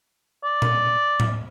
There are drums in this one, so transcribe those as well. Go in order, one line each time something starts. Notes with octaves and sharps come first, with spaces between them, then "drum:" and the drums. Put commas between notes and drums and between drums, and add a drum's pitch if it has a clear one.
D5
drum: tom A#2
drum: tom A2